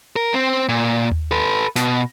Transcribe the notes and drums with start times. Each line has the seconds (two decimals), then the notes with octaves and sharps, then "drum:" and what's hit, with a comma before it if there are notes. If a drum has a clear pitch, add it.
0.16 A#4
0.34 C4
0.69 A#2
1.12 drum: tom D#2
1.31 A4 B4
1.76 B2, drum: snare